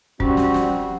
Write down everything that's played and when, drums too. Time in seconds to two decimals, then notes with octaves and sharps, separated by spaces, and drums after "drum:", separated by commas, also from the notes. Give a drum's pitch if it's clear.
0.20 G3 C4 C#4 F#4, drum: kick
0.37 drum: snare
0.54 drum: snare